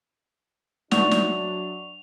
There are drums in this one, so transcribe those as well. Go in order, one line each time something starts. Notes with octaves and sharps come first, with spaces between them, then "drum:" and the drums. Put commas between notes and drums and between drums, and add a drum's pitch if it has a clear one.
F#3 D4 D5 E5 F#5 A5 C#6 F7, drum: snare
drum: snare